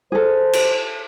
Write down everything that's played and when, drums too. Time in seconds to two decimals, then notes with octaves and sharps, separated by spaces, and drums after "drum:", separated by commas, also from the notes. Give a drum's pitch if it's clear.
0.12 G#4 A4 C5
0.53 drum: cymbal